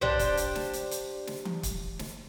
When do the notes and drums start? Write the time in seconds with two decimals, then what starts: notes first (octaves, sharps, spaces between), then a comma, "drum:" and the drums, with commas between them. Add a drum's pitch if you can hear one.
0.01 D4 G4 C5, drum: tom B1
0.19 drum: kick, hi-hat
0.37 drum: hi-hat
0.55 drum: snare
0.73 drum: hi-hat
0.91 drum: hi-hat
1.27 drum: snare
1.45 drum: tom E3
1.63 drum: kick, hi-hat
1.99 drum: snare